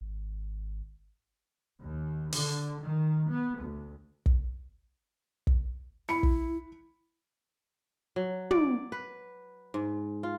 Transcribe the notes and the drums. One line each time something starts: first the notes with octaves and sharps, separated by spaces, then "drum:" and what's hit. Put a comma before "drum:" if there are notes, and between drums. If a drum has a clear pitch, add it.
G#1
D#2
D3, drum: open hi-hat
D#3
B3
D2
drum: kick
drum: kick
E4 B5 C#7
drum: kick
F#3
D5, drum: tom
B4
G#2
F4